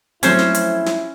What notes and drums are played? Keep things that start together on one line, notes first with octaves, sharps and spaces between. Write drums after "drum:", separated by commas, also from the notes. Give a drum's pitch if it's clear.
F3 F#3 A3 C4 C#4 E4 C5, drum: hi-hat
drum: snare
drum: hi-hat
drum: snare